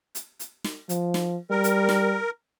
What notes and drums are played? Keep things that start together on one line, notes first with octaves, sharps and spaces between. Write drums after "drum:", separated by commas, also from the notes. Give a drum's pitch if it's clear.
drum: hi-hat
drum: hi-hat
drum: snare
F3, drum: hi-hat
drum: snare
G3 A#4
drum: hi-hat
drum: snare